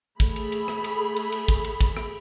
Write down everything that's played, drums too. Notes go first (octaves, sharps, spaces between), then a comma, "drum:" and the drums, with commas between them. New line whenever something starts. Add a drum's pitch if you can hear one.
A3 G#4 B5, drum: kick, cymbal
drum: cymbal
drum: cymbal
drum: rim click
drum: cymbal
drum: cymbal
drum: cymbal
drum: kick, cymbal
drum: cymbal
drum: kick, cymbal
drum: rim click